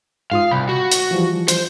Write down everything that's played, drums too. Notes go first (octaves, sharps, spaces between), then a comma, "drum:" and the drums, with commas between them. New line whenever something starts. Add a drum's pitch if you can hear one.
G#2 F4 F5 D#6
C2 B5
F#4
drum: hi-hat
E3 F3 G3
C5, drum: hi-hat